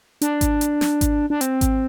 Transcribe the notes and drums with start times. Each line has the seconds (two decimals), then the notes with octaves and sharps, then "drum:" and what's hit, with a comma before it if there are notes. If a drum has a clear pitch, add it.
0.22 D4, drum: hi-hat
0.41 drum: kick G#1, hi-hat
0.61 drum: hi-hat
0.81 drum: snare
1.01 drum: kick G#1, hi-hat
1.30 D4
1.41 C4, drum: hi-hat
1.61 drum: kick G#1, hi-hat